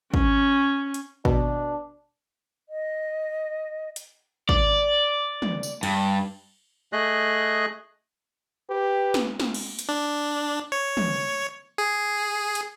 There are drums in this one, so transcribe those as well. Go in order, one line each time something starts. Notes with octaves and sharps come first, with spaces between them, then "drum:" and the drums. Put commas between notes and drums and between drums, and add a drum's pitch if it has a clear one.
C#4, drum: kick
drum: hi-hat
B2 D4, drum: kick
D#5
drum: hi-hat
D5, drum: kick
drum: tom
drum: tambourine
G2, drum: cymbal
A3 G#4 D#5 F#6
G4 B4
drum: snare
drum: snare
drum: cymbal
drum: hi-hat
D4
C#5
drum: tom
G#4
drum: hi-hat